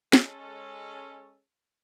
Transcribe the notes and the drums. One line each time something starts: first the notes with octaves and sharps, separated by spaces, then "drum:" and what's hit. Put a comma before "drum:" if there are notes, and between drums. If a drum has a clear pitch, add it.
G#3 C#4 A4, drum: snare